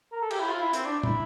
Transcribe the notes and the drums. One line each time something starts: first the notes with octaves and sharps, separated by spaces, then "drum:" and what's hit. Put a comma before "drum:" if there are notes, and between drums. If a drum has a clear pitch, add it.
A#4
A4
G4, drum: cymbal
E4
F4
E4
C4, drum: hi-hat
D4
E4, drum: tom